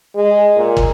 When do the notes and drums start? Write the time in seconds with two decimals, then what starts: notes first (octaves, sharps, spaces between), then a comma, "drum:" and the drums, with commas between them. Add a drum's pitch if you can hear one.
0.15 G#3
0.56 A#2
0.77 drum: kick